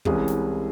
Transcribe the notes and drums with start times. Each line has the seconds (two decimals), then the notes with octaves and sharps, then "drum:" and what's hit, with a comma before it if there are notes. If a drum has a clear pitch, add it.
0.05 C2 C3 E3 G#3 C#4 G#4, drum: kick
0.28 drum: snare